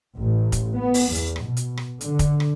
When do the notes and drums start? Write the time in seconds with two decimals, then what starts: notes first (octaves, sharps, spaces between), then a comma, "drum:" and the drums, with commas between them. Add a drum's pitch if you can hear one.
0.19 A1
0.52 drum: kick, hi-hat
0.76 B3
0.94 drum: open hi-hat
1.15 E2, drum: hi-hat
1.36 drum: rim click
1.47 B2
1.57 drum: hi-hat
1.77 drum: rim click
2.01 D3, drum: hi-hat
2.19 drum: kick, hi-hat
2.40 drum: rim click